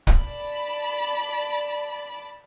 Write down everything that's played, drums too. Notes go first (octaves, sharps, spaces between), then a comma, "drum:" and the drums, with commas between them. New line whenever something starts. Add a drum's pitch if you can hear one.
drum: kick
D5 A5 B5